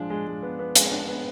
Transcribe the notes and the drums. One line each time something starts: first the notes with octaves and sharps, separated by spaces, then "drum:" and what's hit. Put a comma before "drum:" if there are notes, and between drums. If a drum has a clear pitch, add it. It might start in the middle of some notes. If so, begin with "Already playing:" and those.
Already playing: F3 G#3 D4
G#3
G#3
B3
B3
G#3, drum: hi-hat
D4
B3